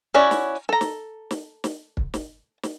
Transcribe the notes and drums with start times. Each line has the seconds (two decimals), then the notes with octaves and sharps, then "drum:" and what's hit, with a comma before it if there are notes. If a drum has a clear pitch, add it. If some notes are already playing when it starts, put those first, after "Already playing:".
0.14 C#4 E4 F#4 C#5 D5
0.31 drum: snare
0.69 A4 A#5
0.81 drum: snare
1.31 drum: snare
1.64 drum: snare
1.97 drum: kick
2.14 drum: snare
2.63 drum: snare